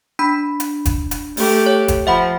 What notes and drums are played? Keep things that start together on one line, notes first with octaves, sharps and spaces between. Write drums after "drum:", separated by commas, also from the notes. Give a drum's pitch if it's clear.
D4 B5 B6
drum: hi-hat
drum: kick, hi-hat
drum: hi-hat
A3 G4, drum: open hi-hat
C#5
drum: kick, hi-hat
F3 E5 F#5 B5